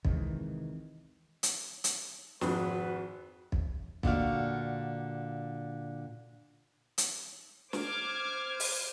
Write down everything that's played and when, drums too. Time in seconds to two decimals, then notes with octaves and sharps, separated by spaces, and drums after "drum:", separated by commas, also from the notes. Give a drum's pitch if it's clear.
0.05 C3 D#3 E3 G#3, drum: kick
1.43 drum: hi-hat
1.84 drum: hi-hat
2.41 G#1 F2 F#4 B4 C5, drum: snare
3.52 drum: kick
4.03 A#2 D3 F#4 F5, drum: kick
6.98 drum: hi-hat
7.73 C5 D6 F6 G#6, drum: snare
8.60 drum: open hi-hat